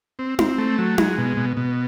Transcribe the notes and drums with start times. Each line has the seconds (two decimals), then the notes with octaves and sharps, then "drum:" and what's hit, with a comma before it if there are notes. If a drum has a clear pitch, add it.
0.19 C4
0.39 C4, drum: tom D#4
0.58 A3
0.78 F#3
0.98 G#3, drum: tom D#4
1.18 B2
1.37 B2
1.57 B2